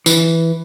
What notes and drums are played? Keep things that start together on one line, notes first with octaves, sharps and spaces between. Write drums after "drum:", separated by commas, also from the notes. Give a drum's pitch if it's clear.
E3, drum: tambourine